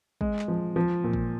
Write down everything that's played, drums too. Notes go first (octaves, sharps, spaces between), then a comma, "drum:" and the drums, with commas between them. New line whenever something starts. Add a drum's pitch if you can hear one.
G#3, drum: kick
drum: clap
F3
F3
A#2
drum: kick